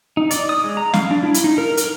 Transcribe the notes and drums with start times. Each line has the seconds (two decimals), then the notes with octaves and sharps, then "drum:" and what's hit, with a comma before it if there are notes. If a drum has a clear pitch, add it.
0.17 D#4
0.31 D5, drum: hi-hat
0.49 D#6
0.64 G#3
0.77 A#5
0.94 F5, drum: snare
1.11 D4
1.23 E4
1.34 drum: hi-hat
1.44 D#4
1.58 A#4
1.77 A#4, drum: hi-hat